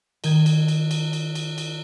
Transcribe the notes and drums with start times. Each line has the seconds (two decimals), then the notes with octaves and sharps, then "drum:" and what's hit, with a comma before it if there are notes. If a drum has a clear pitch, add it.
0.24 D#3 G#6, drum: cymbal
0.46 drum: cymbal
0.68 drum: cymbal
0.91 drum: cymbal
1.13 drum: cymbal
1.35 drum: cymbal
1.58 drum: cymbal